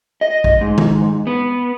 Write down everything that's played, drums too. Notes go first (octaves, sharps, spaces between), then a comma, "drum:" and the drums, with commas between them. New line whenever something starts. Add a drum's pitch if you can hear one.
D#5
drum: kick
G#2
drum: tom D#3
B3